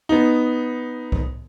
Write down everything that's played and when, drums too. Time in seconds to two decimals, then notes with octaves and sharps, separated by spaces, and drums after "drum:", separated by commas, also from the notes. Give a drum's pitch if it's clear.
0.09 B3 D#4
1.12 drum: kick C2